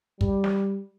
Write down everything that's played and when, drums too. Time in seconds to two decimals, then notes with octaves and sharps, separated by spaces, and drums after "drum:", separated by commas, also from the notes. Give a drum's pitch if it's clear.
0.21 G3, drum: kick
0.44 drum: snare